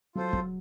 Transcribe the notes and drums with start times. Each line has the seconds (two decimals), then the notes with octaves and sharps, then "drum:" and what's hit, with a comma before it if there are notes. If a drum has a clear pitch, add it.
0.15 F#3 F4 A4 C5
0.33 F#3, drum: kick